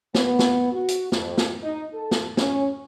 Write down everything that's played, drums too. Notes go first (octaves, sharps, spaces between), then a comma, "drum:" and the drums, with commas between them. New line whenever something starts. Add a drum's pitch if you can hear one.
B3, drum: snare
drum: snare
F#4
drum: hi-hat
F2, drum: snare
drum: snare
D#4
A4
drum: snare
C#4, drum: snare